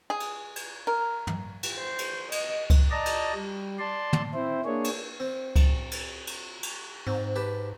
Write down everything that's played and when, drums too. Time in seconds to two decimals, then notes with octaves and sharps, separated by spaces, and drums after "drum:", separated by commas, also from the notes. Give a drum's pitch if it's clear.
0.10 G#4
0.20 drum: cymbal
0.56 drum: cymbal
0.87 A#4
1.27 drum: tom
1.63 drum: cymbal
1.76 C5
1.98 drum: cymbal
2.32 D#5, drum: cymbal
2.70 drum: kick C#2, cymbal
2.91 D5 D#5 A5 A#5
3.06 drum: cymbal
3.34 G3
3.79 D5 A5 C6
4.13 drum: tom
4.34 C4 E4 C5
4.65 A#3 D4 G#4 C#5
4.84 drum: cymbal
5.20 C4
5.56 drum: kick C#2, cymbal
5.91 drum: cymbal
6.27 drum: cymbal
6.63 drum: cymbal
7.07 G#2 C4
7.36 G4 B4 A5